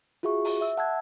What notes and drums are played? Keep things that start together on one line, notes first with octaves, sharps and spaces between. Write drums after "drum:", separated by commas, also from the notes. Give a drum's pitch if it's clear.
F4 F#4 G#4 E5 C#6
drum: open hi-hat
E5 E6
F#5 A5 E6 F#6 G#6